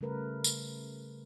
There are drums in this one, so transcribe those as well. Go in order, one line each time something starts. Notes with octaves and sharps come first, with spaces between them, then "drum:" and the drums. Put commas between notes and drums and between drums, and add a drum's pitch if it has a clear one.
C#3 G3 A3 A#4 B4
drum: tambourine